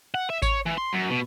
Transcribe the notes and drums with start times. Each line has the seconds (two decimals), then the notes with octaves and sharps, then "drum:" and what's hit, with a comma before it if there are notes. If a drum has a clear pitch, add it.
0.14 F#5
0.30 E5
0.42 C#5, drum: kick G#1, tambourine
0.66 E3
0.77 C6
0.93 F#2
1.10 B2